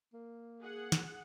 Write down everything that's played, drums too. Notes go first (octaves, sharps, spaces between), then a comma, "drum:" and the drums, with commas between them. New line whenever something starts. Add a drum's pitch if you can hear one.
A#3
G#4 F#5
drum: snare